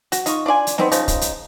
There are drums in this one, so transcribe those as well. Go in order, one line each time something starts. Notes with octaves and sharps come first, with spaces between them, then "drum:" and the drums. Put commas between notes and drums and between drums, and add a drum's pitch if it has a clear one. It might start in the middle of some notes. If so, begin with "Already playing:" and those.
F#4, drum: hi-hat
D#4 F4 C#6, drum: hi-hat
D4 F4 D5 G#5
drum: hi-hat
B3 C4 D#4, drum: snare
C#3 F3 D#4, drum: hi-hat
drum: kick, hi-hat
drum: hi-hat